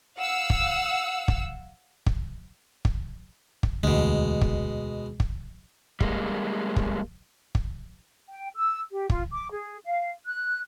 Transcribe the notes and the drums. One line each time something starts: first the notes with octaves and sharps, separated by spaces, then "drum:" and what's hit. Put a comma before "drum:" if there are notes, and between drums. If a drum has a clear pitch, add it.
F5 F#5 E6
drum: kick
drum: kick
drum: kick
drum: kick
drum: kick
E1 D2 B2 G#3
drum: kick
drum: kick
G3 G#3 A#3, drum: kick
drum: kick
drum: kick
G5
E6
G4
F4, drum: kick
D6
G#4
F5
F#6